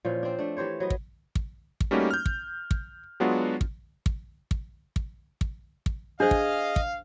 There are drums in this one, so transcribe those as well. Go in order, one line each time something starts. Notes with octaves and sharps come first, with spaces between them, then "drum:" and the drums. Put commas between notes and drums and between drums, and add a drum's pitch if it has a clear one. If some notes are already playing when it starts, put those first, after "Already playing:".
A#2 E3 F3 C#4
C4 D4
A3 D4
E3 G4 C5 C#5
F#3 B4 D#5
drum: kick
drum: kick
drum: kick
G3 A3 A#3 C#4 D#4 F#4
F6 G6
drum: kick
drum: kick
F#3 G#3 B3 D4 F4 F#4
drum: kick
drum: kick
drum: kick
drum: kick
drum: kick
drum: kick
D4 G#4 C5 D#5 F5
drum: kick
drum: kick